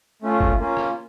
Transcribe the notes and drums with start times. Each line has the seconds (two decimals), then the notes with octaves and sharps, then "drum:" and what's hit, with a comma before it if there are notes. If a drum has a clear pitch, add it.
0.22 A3 C#4 F4
0.40 drum: kick
0.59 A#3 C#4 F4
0.77 drum: rim click